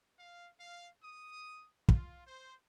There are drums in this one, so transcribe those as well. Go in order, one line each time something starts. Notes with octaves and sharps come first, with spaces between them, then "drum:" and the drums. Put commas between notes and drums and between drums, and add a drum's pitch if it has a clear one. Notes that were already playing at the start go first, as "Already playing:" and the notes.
F5
F5
D#6
F4, drum: kick
C5